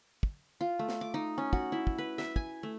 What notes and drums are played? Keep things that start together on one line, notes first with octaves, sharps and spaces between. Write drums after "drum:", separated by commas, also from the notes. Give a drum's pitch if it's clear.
drum: kick
F4
A3
drum: snare
D6
D#4
C#4
F#4, drum: kick
E4
drum: kick
B4
E5, drum: snare
G#5, drum: kick
A3